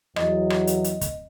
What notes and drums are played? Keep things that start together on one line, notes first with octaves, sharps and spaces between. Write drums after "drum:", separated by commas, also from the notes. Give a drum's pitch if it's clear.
E2 F#3 D#5, drum: rim click
drum: rim click
drum: hi-hat
drum: hi-hat
drum: kick, hi-hat